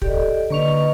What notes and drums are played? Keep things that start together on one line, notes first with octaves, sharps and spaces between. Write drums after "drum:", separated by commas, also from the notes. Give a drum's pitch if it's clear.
G4 A4 D5 D#5, drum: kick
D3 A#3 B4 D#5 C#6 F7